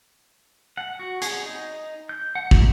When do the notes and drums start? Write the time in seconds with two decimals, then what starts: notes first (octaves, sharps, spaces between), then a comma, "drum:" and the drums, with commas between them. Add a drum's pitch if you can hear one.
0.77 F#5
0.99 F#4
1.22 G#4, drum: hi-hat
1.43 D#4
2.09 G6
2.35 F#5
2.51 A#3, drum: kick